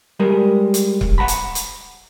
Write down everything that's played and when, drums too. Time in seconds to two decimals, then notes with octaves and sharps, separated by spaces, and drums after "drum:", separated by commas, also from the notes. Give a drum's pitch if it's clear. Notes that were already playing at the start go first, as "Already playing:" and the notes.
0.20 G3 G#3 G#4 A#4
0.74 drum: hi-hat
1.01 drum: kick C#1
1.18 F#5 G5 A#5 B5
1.28 drum: hi-hat
1.55 drum: hi-hat